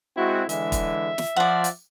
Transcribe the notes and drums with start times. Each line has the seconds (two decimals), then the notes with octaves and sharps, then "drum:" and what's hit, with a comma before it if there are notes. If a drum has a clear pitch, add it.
0.17 G#3 C4 E4 F#4
0.49 D3 E3 G#3 E5, drum: hi-hat
0.72 drum: kick, hi-hat
1.18 drum: snare
1.36 F3 D5 F#5
1.64 drum: hi-hat